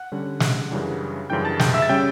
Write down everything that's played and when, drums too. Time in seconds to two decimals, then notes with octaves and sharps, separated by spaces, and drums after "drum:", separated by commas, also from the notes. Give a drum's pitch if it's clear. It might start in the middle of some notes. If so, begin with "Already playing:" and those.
Already playing: F#5 F#6
0.12 D3 G3 C#4
0.40 drum: snare
0.71 F#2 C#3 E3 G3 D4
1.30 F#2 C#3 E3 G3 D4 G5 G6
1.45 A5 A6
1.60 G5 G6, drum: snare
1.74 E5 E6
1.82 A6
1.89 C#3 G3 C#4 G5 G6